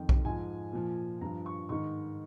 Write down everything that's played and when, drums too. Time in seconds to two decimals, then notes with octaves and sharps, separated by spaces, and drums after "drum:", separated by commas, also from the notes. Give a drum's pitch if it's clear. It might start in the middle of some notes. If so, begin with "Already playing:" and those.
Already playing: F2 D#3 G5
0.09 drum: kick B1
0.25 G#2 F3 G#5
0.73 A#2 F3
1.21 G2 F3 A#5
1.46 C#6
1.69 G#2 D#3 C#6